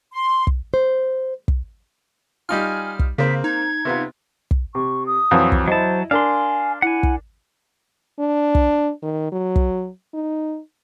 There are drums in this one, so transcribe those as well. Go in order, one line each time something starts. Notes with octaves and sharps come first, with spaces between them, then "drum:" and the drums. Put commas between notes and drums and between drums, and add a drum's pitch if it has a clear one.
C6
drum: kick
C5
drum: kick
G3 D#4 F4 G#5 F6
drum: kick
C#3 A#3 C4 B6
D#4 G#6
C3 B3 F4
drum: kick
C3 C#6
D#6
F2 E3 F#3
drum: kick
F#3 E4 C5 D#5 A5
D4 A#4 F5 G#5 C6
E4 F#5 G#5
drum: kick
D4
drum: kick
D#3
F#3
drum: kick
D#4